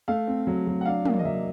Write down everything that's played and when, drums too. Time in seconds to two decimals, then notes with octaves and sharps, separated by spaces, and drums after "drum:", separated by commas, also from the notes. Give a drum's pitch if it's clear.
0.08 A3 F5
0.27 C4
0.47 F#3
0.67 F#3
0.81 F#5
0.86 D4 F5
1.05 A#3, drum: tom
1.19 D#5
1.25 F#3 E5